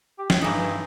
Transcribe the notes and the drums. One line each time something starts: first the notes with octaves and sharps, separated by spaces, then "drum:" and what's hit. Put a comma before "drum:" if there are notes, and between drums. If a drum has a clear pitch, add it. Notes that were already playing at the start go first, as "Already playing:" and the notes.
G4
A2, drum: snare
G2 E3 D#4